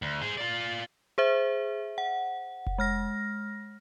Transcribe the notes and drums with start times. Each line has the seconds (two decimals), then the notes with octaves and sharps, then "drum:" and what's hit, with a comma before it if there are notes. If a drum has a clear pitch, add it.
0.02 D2
0.22 G#4 C5
0.37 F4 D5
1.18 G#4 C5 E5
1.98 F#5
2.67 drum: kick F1
2.78 G#3 F6 A#6